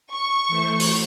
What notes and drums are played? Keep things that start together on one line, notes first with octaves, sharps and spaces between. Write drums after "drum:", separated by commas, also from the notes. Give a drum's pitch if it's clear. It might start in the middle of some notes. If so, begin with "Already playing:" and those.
C#6
E3 A3 C5
drum: open hi-hat